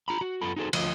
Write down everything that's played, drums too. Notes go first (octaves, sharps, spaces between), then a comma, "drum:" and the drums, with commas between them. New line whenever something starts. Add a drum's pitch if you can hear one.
F4 A#5 B5
F#4
F#2 B3 F4 A4 B5
D#4 F#4 G#4 A4 C5
D2 F3 F4 D#5, drum: cymbal